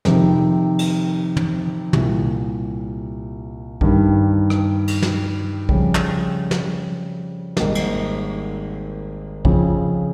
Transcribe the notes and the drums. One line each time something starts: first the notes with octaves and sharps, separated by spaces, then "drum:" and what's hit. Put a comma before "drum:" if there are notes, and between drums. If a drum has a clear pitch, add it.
F2 C3 D#3, drum: snare
drum: cymbal
drum: tom
C2 A#2 G3, drum: tom
G2 D#3 G3, drum: kick
drum: rim click
drum: cymbal
drum: snare
F2 C#3 G3, drum: kick
drum: clap
drum: snare
G#1 G#2 G3 A#3 D#4, drum: snare
drum: cymbal
F2 C#3 F3, drum: kick